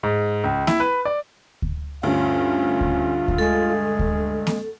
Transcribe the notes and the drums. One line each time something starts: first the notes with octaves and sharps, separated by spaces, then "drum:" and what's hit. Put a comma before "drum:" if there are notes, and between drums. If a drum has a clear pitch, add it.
G#2
C#2
E4, drum: snare A#3
B4
D5
drum: kick D2
D2 G2 C#4 F4
drum: kick D2
drum: kick D2
G#3 A4
drum: kick D2
drum: snare A#3